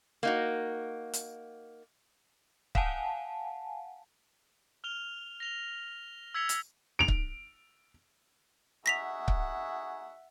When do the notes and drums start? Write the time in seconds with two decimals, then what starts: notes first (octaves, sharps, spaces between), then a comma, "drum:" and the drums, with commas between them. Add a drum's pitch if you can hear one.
0.23 A#3 D#4 F#4
1.14 drum: hi-hat
2.75 F5 F#5 G#5 A5, drum: kick C#1
4.84 F6 F7 G7
5.40 A#6 F7 G7
6.34 E6 G#6 B6 C#7 F7 G7
6.49 drum: hi-hat
6.99 D7 F7
7.08 drum: kick C#1
8.86 D#4 F#4 G#4 E5 F#5 A#6 B6 F7
9.28 drum: kick C#1